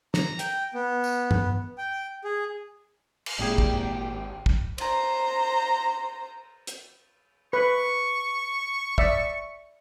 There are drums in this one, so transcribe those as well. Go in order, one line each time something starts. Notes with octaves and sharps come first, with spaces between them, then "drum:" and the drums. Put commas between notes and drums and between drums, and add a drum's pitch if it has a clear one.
A#5, drum: snare
G5, drum: hi-hat
B3
drum: tambourine
drum: tom
G5
G#4
drum: cymbal
G#1 A#2 E4 G4 G#4 G5
drum: kick
drum: kick
C5 A#5, drum: cymbal
drum: hi-hat
B4 C#6
D5 E5, drum: kick